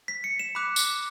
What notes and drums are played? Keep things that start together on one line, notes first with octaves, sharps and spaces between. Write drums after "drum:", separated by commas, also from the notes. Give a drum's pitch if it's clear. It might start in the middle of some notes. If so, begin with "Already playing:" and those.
B6
C#7
E7
B5 D6 F#6
drum: tambourine